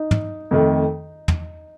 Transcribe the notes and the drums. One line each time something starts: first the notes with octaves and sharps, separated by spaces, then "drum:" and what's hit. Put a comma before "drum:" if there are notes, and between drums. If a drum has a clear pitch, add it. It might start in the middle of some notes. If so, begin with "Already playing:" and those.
Already playing: D#4
drum: tom
F2 D#3 A3
drum: tom